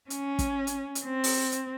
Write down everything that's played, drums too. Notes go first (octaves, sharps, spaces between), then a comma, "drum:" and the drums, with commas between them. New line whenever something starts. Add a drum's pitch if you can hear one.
C#4, drum: hi-hat
drum: kick, hi-hat
drum: hi-hat
drum: hi-hat
C4
drum: open hi-hat
drum: hi-hat